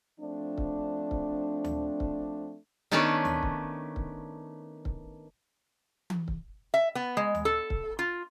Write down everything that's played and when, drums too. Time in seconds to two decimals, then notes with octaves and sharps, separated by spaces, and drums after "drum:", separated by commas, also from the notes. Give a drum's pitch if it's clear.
0.20 F3 A3 C4 D4
0.58 drum: kick C#1
1.11 drum: kick C#1
1.64 drum: tom D2
2.00 drum: kick C#1
2.91 D#3 A3 B3 C#4 D4 B4
3.25 drum: tom D2
3.43 drum: kick C#1
3.96 drum: kick C#1
4.85 drum: kick C#1
6.10 drum: tom E3
6.28 drum: kick C#1
6.74 E5
6.95 B3
7.17 G#3
7.35 drum: tom D2
7.45 A4
7.70 drum: kick C#1
7.99 F4